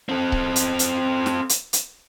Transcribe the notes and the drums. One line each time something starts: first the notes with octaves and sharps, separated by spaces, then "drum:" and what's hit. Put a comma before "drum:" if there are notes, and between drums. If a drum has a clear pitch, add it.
C4 A4
drum: kick C#1
drum: hi-hat
drum: hi-hat
drum: snare
drum: hi-hat
drum: hi-hat